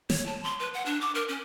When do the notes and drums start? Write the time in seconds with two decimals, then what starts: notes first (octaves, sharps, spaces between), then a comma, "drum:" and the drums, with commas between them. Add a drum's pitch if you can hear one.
0.10 C#5, drum: snare
0.26 A5
0.43 C6
0.60 B4
0.74 F#5
0.86 D4
1.01 D6
1.15 A#4
1.28 C#4